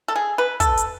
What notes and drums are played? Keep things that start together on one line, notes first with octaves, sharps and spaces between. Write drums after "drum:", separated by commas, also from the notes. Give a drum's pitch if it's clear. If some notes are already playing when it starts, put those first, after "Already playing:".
A4
G#4
B4
A4, drum: kick, hi-hat
drum: hi-hat